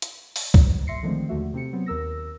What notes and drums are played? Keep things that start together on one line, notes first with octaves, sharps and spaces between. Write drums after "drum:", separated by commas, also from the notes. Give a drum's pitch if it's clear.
drum: hi-hat
drum: open hi-hat
drum: kick C2
B1 E5 C6 A#6 C7 C#7
D3 D#3 F3 G#3 A3 C4
D#2 D3 A3 F#4 E5
C3 C4 C#7
F#3 B3 C4
D#2 A#4 E6 A#6